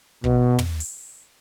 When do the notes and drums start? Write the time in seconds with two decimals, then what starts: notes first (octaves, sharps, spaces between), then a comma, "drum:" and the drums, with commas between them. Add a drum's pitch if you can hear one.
0.24 B2, drum: kick
0.59 drum: tom
0.80 drum: open hi-hat